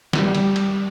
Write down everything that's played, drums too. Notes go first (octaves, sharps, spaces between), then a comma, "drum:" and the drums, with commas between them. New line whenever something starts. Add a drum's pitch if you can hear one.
G3, drum: snare
drum: cymbal
drum: cymbal